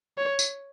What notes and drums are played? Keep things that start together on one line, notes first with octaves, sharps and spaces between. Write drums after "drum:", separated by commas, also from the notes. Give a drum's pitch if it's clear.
C#5
drum: tambourine